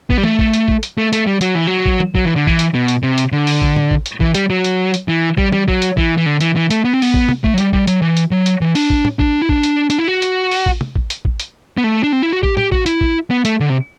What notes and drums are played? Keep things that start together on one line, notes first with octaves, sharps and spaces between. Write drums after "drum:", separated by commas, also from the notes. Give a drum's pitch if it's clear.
B3, drum: kick
G3
A3, drum: tom
drum: kick
drum: hi-hat
drum: kick
drum: hi-hat
A3
A3, drum: hi-hat
G3
F#3, drum: hi-hat
E3
F#3
drum: kick
drum: tom
F#3, drum: kick
E3
D3
E3, drum: kick
drum: hi-hat
B2
drum: hi-hat
C3
drum: hi-hat
D3
drum: open hi-hat
drum: kick
drum: tom
drum: kick
drum: hi-hat
E3, drum: kick
G3, drum: hi-hat
F#3
drum: hi-hat
drum: hi-hat
E3
G3, drum: kick
G3, drum: tom
F#3, drum: kick
drum: hi-hat
E3, drum: kick
E3
D3
E3, drum: hi-hat
E3
A3, drum: hi-hat
B3
C4
B3, drum: open hi-hat
drum: kick
drum: tom
A3, drum: kick
F#3
G3, drum: hi-hat
G3, drum: kick
F#3, drum: hi-hat
E3
drum: hi-hat
F#3
drum: hi-hat
E3
D4, drum: open hi-hat
drum: kick
drum: tom
D4, drum: kick
E4
D4, drum: kick
drum: hi-hat
D4, drum: hi-hat
E4
F#4
drum: hi-hat
drum: open hi-hat
drum: kick
drum: tom
drum: kick
drum: hi-hat
drum: kick
drum: hi-hat
B3
A3
D4
C4
E4
F#4
G4, drum: kick
G4, drum: tom
F#4, drum: kick
E4, drum: hi-hat
drum: kick
B3
A3, drum: hi-hat
D3
C3